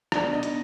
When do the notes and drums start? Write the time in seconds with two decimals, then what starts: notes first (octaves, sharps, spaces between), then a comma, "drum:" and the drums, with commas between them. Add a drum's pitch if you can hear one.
0.12 B2 D4 D5, drum: rim click
0.33 B2 D#4 D#5
0.43 drum: hi-hat